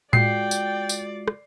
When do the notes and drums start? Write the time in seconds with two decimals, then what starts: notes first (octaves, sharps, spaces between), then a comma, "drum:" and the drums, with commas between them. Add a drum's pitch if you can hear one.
0.13 G#3 F4 F#4 D5 G5 C7, drum: tom A2
0.51 drum: tambourine
0.89 drum: tambourine
1.28 drum: rim click